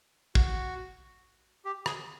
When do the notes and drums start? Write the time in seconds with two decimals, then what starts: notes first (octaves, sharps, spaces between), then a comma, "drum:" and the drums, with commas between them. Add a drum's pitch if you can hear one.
0.35 F#4, drum: kick
1.65 G4
1.86 G#4, drum: rim click